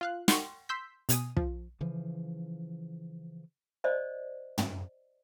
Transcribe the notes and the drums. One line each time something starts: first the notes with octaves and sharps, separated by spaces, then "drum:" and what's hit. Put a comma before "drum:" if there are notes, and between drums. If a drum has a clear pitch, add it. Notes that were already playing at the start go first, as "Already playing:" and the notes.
F4 F5 F#6
F#5 G5 C6 C#6, drum: snare
C6 E6 G6 B6
B2 G#5 D#6, drum: hi-hat
F3, drum: kick
C#3 E3 F3
C5 D5 D#5
drum: tom